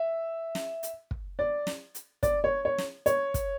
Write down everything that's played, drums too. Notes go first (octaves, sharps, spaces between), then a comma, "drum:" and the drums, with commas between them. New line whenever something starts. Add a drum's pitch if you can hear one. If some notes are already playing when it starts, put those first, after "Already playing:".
Already playing: E5
drum: snare
drum: hi-hat
drum: kick
D5
drum: snare
drum: hi-hat
D5, drum: kick, hi-hat
C#5
C#5
drum: snare
C#5, drum: hi-hat
drum: kick, hi-hat